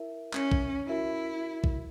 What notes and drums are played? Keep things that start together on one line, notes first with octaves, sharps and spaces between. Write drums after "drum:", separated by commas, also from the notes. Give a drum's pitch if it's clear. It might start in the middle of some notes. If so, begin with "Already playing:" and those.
Already playing: E4 A#4 E5
C#4, drum: clap
drum: kick A#1
E4 F#4 A#4 E5
drum: kick A#1